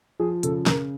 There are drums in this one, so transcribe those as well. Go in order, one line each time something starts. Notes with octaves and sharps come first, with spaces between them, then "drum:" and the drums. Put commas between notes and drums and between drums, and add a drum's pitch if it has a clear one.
F3 G#4
C#3 A4, drum: hi-hat
C#3 A#4, drum: snare